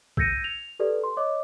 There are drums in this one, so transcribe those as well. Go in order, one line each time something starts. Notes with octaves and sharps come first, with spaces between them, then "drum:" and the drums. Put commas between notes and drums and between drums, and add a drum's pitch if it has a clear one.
E6 G6 G#6 A#6 C#7 D#7, drum: kick
F7
G4 A4 B4 D5
C6
C#5 D#5 D6